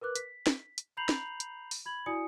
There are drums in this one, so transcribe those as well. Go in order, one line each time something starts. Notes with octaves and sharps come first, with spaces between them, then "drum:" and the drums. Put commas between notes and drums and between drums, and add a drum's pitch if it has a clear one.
A#4 B4 D6 F#6
B6, drum: hi-hat
drum: snare
drum: hi-hat
A#5 B5 G6 C7 F7 F#7
drum: snare
drum: hi-hat
drum: open hi-hat
B5 G#6 F#7
E4 F#4 D5 G#5 D#6 C#7